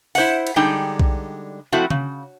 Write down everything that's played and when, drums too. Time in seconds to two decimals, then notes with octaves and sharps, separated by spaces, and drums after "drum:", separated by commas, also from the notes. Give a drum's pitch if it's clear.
0.15 E4 C5 E5 F#5, drum: open hi-hat
0.47 drum: cymbal
0.56 D3 G3 G#3 D#4 G5
1.00 drum: kick B1
1.72 F3 A3 C4 E4 F#4
1.90 C#3, drum: tom